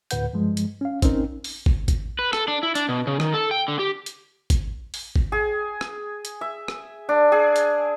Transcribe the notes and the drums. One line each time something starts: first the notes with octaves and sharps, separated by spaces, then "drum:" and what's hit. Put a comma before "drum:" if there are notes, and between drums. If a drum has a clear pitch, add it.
D2 A2 B4 F#5 G6, drum: hi-hat
G2 F3 G#3
drum: hi-hat
C#4 F5
C4 C#4 D#4 A#4 C5, drum: kick, hi-hat
drum: open hi-hat
drum: kick
drum: kick, hi-hat
B4
A4, drum: rim click
D4
E4
D4, drum: hi-hat
B2
C#3
D#3, drum: rim click
A4
G5
D3
G4
drum: hi-hat
drum: kick, hi-hat
drum: open hi-hat
drum: kick
G#4
drum: rim click
drum: hi-hat
E5
drum: rim click
D4
G#4
drum: hi-hat